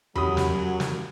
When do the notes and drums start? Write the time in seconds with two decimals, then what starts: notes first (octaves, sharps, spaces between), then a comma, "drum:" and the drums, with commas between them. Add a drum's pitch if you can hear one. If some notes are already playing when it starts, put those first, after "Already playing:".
0.16 F#2 F#3 F#4 G4 B5 D#6, drum: tom E2
0.37 drum: snare
0.80 drum: snare